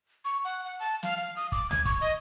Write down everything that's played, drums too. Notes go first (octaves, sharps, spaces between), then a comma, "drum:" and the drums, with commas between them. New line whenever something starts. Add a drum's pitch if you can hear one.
C#6
F#5
F#5
A5
F5, drum: snare
F5
D#6, drum: hi-hat
D6, drum: kick
G#6, drum: tom C#2
C#6, drum: kick
D#5, drum: hi-hat